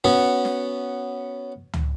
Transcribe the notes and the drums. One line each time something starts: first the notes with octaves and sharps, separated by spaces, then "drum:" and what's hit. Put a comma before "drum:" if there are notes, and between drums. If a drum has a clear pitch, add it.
B3 C#4 F#4
drum: snare
drum: tom C#2